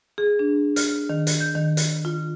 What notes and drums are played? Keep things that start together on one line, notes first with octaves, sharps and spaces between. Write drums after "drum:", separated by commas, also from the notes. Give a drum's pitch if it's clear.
G#4
D4
F6, drum: hi-hat
D#3
drum: hi-hat
G6
D#3
drum: hi-hat
F4